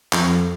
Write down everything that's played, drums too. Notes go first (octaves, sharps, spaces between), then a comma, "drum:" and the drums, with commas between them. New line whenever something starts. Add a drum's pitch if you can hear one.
F2, drum: clap